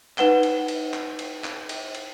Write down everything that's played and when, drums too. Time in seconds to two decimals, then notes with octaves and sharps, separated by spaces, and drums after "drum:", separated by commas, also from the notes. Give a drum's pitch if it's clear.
0.18 D#4 B4 F#5 G7, drum: clap
0.43 drum: cymbal
0.68 drum: cymbal
0.94 drum: clap
1.19 drum: cymbal
1.44 drum: clap
1.69 drum: cymbal
1.95 drum: cymbal